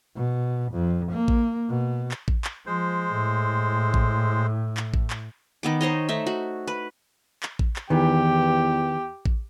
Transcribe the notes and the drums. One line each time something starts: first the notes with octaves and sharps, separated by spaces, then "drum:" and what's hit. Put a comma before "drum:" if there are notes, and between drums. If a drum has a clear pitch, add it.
B2
F2
A#3
drum: kick A1
B2
drum: clap
drum: kick A1
drum: clap
F3 G#3 C5
A2
drum: kick A1
drum: clap
drum: kick A1
drum: clap
D#3 B3 D6
D#4 C5 C#5 D#5
A3 D#4 E5
F#4
B4
drum: clap
drum: kick A1
drum: clap
E2 D#3 E3 G4
drum: kick A1